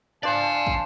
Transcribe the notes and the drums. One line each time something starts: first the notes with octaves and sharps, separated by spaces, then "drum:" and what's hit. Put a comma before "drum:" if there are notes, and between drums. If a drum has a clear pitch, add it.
D4 C5 D5 F5 G#5 A5
drum: kick